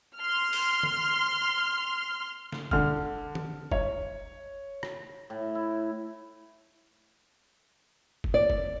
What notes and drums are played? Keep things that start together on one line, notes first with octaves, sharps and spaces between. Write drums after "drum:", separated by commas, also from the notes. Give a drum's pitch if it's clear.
C6 F6
drum: open hi-hat
drum: tom D3
drum: snare
D3 F6, drum: kick
drum: tom D#3
C#5, drum: kick
drum: rim click
A2
E4
drum: kick
D5
drum: kick